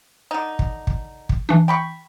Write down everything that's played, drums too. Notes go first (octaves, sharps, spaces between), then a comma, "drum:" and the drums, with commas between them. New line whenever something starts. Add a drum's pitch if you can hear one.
D3 D#4
drum: kick
drum: kick
drum: kick
E3 D4
G5 B5 C#6